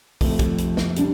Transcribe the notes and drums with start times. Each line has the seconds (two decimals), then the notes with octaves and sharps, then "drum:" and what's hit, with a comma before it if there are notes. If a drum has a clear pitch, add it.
0.21 F2 C3 F3 A3, drum: kick, open hi-hat
0.39 drum: kick, hi-hat
0.58 drum: hi-hat
0.77 drum: snare
0.96 C3 G3 D4, drum: hi-hat